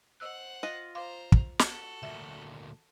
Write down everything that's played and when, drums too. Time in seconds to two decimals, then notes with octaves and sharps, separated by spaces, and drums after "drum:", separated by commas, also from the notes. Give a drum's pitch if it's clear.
0.20 C5 D#5 F#5 E6 F#6
0.63 F4 D#5 F#6
0.95 C5 F5 A#5 C6 D6
1.32 drum: kick
1.59 F#4 A4, drum: snare
2.03 D2 A#2 E5